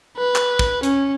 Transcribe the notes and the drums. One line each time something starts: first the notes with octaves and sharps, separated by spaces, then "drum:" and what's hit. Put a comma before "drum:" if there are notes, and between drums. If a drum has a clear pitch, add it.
B4
drum: clap
drum: kick
C#4, drum: hi-hat